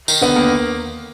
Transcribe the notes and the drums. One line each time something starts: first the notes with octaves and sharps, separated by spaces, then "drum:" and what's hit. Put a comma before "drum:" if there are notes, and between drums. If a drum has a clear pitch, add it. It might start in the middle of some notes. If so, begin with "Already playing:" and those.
D#3, drum: tambourine
D3 B3
D#2 A#3